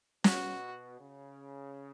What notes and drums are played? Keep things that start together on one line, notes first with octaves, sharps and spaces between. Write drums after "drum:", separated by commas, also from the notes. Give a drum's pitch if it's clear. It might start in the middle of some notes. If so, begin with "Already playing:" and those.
B2 F#4, drum: snare
C#3